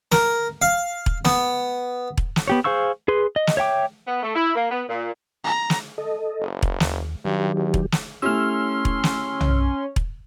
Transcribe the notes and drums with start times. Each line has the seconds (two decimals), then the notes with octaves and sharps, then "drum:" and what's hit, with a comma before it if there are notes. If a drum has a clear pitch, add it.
0.12 A#4, drum: snare
0.62 F5
1.06 drum: kick E1
1.25 B3, drum: snare
2.17 drum: kick E1
2.36 drum: snare
2.48 B3 G4 C#5
2.64 G#4 C5 F5 C#6 E6
3.08 G#4 B4 C6
3.36 D#5
3.47 drum: snare
3.57 C#5 E5 G5 D6
4.07 B3
4.23 A3
4.35 E4
4.55 A#3
4.71 B3
4.89 A#2
5.44 A#5
5.70 drum: snare
5.98 A4 D#5
6.41 F#1
6.62 drum: kick E1
6.80 D#2, drum: snare
7.25 G2 D#3 F#3 G4
7.56 E2
7.74 drum: kick E1
7.92 drum: snare
8.22 A3 C#4 E4 G4 C6 E6 F6
8.85 drum: kick E1
9.04 drum: snare
9.41 drum: tom
9.96 drum: kick E1